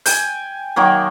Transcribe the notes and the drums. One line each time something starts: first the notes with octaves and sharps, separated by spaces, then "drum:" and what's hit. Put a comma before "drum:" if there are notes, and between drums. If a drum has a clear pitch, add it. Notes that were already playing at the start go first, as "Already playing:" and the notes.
G5 G#5, drum: open hi-hat
D#3 F#3 A#3